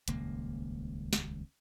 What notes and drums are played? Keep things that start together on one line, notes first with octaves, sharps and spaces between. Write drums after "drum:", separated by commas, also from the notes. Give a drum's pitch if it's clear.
D#1 C#2 A#3, drum: hi-hat
drum: snare